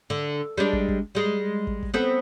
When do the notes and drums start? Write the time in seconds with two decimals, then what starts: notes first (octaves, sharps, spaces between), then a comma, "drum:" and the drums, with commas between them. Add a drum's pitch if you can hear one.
0.10 D3
0.58 G3 G#3 D4
0.73 drum: kick
0.88 drum: kick
1.15 G3 G#3
1.67 drum: kick
1.83 drum: kick
1.94 B3 C4 A4